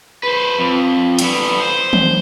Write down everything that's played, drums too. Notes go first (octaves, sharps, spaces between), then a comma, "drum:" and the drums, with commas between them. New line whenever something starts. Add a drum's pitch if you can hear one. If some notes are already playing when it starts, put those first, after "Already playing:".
B4 C5
F2
D3 B3, drum: hi-hat
C5
drum: tom